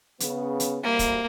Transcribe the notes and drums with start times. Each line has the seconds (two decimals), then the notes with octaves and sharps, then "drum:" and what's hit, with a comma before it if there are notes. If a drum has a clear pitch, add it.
0.20 C#3 B3, drum: hi-hat
0.60 drum: hi-hat
0.83 D2 C3 G3 A#3
0.99 drum: kick, hi-hat